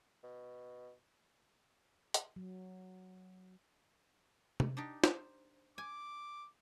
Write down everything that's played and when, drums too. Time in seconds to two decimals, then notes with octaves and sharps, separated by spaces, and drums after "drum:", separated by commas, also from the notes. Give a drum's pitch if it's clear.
0.23 B2
2.14 drum: hi-hat
2.36 F#3
4.60 drum: tom
4.77 D4 D#4 G4
5.04 C5, drum: snare
5.78 G#5 D6